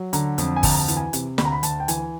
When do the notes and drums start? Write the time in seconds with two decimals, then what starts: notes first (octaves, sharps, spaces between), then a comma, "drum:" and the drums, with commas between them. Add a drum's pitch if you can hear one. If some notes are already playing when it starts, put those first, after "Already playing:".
Already playing: F#3
0.13 D3 A#5, drum: hi-hat
0.38 F2, drum: hi-hat
0.56 G#5
0.63 D2 A5, drum: kick G1, open hi-hat
0.72 A#5
0.79 A5
0.88 E3, drum: hi-hat
0.97 G#5
1.13 C3, drum: hi-hat
1.38 D2 B5, drum: snare
1.45 A#5
1.52 B5
1.63 D2 A5, drum: hi-hat
1.80 G5
1.88 E3 G#5, drum: hi-hat